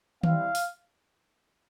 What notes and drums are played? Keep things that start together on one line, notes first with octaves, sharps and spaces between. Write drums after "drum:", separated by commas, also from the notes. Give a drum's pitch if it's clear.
G3 C4 E4 F5, drum: tom D#3
drum: open hi-hat